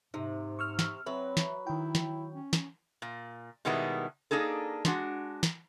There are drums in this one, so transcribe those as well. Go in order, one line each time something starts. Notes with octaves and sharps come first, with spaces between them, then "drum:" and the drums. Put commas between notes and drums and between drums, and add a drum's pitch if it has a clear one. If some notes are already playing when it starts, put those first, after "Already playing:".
G#2 C3 D#4
C#6 E6 F6
drum: snare
F#3 C4 B4 E5
drum: snare
D#3 E4 G5
drum: snare
C#4
drum: snare
A#2
B2 D#3 G3 G#3 B3 E4
A#3 D4 D#4 G#4 A4
G#3 D4 F#4, drum: snare
drum: snare